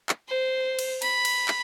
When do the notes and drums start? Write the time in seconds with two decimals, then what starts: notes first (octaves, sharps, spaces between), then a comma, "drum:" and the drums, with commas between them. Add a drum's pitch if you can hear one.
0.09 drum: clap
0.29 C5
0.79 drum: cymbal
1.02 B5, drum: cymbal
1.25 drum: cymbal
1.48 drum: clap